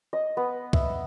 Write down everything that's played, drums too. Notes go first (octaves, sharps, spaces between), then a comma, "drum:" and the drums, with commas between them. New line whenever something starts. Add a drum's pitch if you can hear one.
D#5
B3
E5, drum: kick